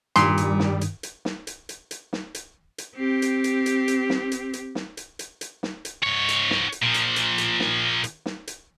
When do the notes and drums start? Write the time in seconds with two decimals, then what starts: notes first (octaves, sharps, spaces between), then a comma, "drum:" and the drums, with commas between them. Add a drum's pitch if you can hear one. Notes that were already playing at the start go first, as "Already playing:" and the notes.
0.16 G2 A#2 D#3 G3 C6 D#6, drum: hi-hat
0.38 drum: hi-hat
0.59 drum: snare
0.81 drum: hi-hat
1.03 drum: hi-hat
1.25 drum: snare
1.47 drum: hi-hat
1.69 drum: hi-hat
1.91 drum: hi-hat
2.13 drum: snare
2.35 drum: hi-hat
2.78 drum: hi-hat
2.95 C4 G4
3.22 drum: hi-hat
3.44 drum: hi-hat
3.66 drum: hi-hat
3.88 drum: hi-hat
4.10 drum: snare
4.32 drum: hi-hat
4.53 drum: hi-hat
4.75 drum: snare
4.97 drum: hi-hat
5.19 drum: hi-hat
5.41 drum: hi-hat
5.63 drum: snare
5.85 drum: hi-hat
6.03 G#2 C#5
6.29 drum: hi-hat
6.50 drum: snare
6.72 drum: hi-hat
6.82 A#2 F3
6.94 drum: hi-hat
7.16 drum: hi-hat
7.38 drum: hi-hat
7.60 drum: snare
8.04 drum: hi-hat
8.26 drum: snare
8.47 drum: hi-hat